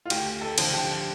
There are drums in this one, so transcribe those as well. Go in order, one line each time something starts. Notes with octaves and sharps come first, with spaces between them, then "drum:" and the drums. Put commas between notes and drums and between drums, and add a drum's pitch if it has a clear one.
F4
D2 G4, drum: cymbal
A4
D3 F3, drum: cymbal
G4